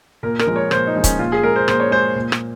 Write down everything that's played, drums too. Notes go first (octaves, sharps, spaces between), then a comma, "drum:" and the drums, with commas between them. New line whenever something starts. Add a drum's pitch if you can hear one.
A#2 A#4
A#4, drum: rim click
F3 G#3
C#5
A#2 C5, drum: rim click
D#4
F3 G#3
C#4, drum: kick, hi-hat
A#2 F4
G#4
G#3 A#4
C5
A#2 C5, drum: rim click
C#5
G#3 C5
A#2
drum: rim click